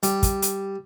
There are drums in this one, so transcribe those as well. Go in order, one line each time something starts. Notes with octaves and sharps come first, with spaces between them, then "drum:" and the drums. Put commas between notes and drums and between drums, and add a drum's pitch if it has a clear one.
G3, drum: hi-hat
drum: kick, hi-hat
drum: hi-hat